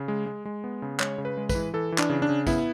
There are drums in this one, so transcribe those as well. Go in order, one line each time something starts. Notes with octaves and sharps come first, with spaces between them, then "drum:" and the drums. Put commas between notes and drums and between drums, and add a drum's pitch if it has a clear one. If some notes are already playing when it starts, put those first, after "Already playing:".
Already playing: C#3
G#3
G#3
G#3
B3
C#3
G#3 C#5, drum: clap
C#3
B4
G#3
B4, drum: kick, tambourine
E3
E3 A4
E3
D4, drum: clap
C#3
D4
C#3
B3 E4, drum: kick, tambourine